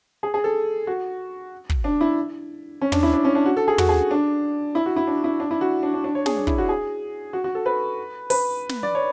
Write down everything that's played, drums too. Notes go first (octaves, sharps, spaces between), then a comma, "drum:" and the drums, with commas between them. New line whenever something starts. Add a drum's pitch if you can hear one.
G#4
G#4
A4
F#4
drum: kick
D4
E4
C#4
D4, drum: tom
E4
D4
C#4
D4
F#4
A4
G#4
F#4, drum: tom
G#4
D4
E4
F#4
E4
D4
E4
D4
E4
F#4
D4
D4
D4
C#5
G#4, drum: snare
D4
E4, drum: kick
F#4
G#4
F#4
F#4
A4
B4
B4, drum: open hi-hat
drum: snare
D5
C#5